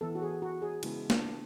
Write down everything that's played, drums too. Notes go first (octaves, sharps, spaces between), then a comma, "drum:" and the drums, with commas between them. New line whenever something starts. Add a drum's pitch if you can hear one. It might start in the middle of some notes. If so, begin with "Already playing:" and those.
E3 B3 A4
F#4
G#4
F#4
G#4
C#3 G#3 B3 E4, drum: cymbal
D4, drum: snare